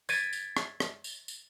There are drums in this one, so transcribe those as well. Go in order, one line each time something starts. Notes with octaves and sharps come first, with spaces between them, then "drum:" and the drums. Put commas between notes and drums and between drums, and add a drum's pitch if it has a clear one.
G#6 A6 B6 D7 D#7, drum: tambourine
drum: tambourine
drum: rim click
drum: rim click
drum: tambourine
drum: tambourine